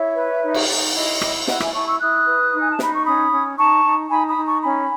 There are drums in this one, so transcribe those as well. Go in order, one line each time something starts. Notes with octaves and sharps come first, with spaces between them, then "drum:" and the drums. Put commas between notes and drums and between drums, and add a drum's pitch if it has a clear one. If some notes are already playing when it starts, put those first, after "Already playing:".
Already playing: E4 C#5 E5
B4
D#4
drum: cymbal
D#4
E4 D#5
E4, drum: rim click
E4 D#5 F#5, drum: snare
E5 G#5, drum: rim click
E4 A5 C#6
C#6 E6
E4 D#6 F#6
B4
D#4
G#5
A5
D#4 B5, drum: snare
C#6
C#4 B5 D#6
C#4
D#4 A5 C#6
D#4
D#4 G#5 B5
B5 D#6
D#4
A5 C#6
C#4 G#5 B5